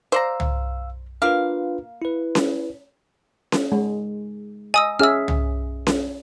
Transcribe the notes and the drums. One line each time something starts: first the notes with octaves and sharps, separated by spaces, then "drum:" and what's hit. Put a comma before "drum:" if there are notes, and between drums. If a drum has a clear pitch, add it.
C5 D5 F5 A#5 E6
drum: tom C2
A#3 D4 F4 B4 F5
E4 B4
drum: snare C#4
drum: snare C#4
G#3
D#5 G#5 D#6 E6
C#4 G#4 E5 E6 F6
drum: tom C2
drum: snare C#4